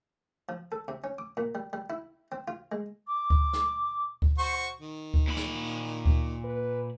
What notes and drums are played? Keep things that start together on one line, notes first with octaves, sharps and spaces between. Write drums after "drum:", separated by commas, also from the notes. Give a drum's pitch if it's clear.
F3
A4
C3
C#4
D6
A#2
G3
G3
E4
C4
F4
G#3
D6
drum: kick D2
drum: snare
drum: kick D2
F#4 C5 C#6
D#3
drum: kick D2
A#2 B5
drum: snare
drum: kick D2
B4